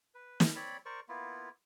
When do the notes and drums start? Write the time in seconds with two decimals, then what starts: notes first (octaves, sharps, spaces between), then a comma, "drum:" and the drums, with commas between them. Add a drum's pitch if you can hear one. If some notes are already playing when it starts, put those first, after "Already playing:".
0.15 B4
0.40 drum: snare
0.56 C4 C#5 D5 B5
0.85 A#4 C5 D5 C#6
1.09 A#3 B3 E4 F4